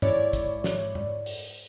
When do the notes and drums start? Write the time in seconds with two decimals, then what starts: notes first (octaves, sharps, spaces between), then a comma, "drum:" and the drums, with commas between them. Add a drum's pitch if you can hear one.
0.02 G#2 E4 C#5 D5, drum: tom
0.33 drum: kick, hi-hat
0.64 drum: snare
0.95 drum: tom F#2
1.26 drum: open hi-hat